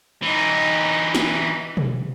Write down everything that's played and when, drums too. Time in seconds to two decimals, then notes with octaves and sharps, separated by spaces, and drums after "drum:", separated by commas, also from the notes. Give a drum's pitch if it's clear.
0.22 E3 D#4
1.15 drum: snare
1.77 drum: tom B2